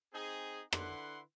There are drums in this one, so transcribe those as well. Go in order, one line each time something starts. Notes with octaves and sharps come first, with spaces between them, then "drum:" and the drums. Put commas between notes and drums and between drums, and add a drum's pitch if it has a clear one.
C4 D#4 G#4
D3 E4 B4 F#5 C6, drum: rim click